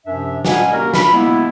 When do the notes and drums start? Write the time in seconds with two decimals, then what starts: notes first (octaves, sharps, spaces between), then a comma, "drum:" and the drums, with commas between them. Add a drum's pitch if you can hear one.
0.06 F#2 C3 F3 D4 E5
0.45 A#2 G3 C#4 D#5 F#5 G#5, drum: snare
0.72 A#3 C#4 F#4 G4 A#4
0.94 B5, drum: snare
1.12 G#3 A#3 B3 E4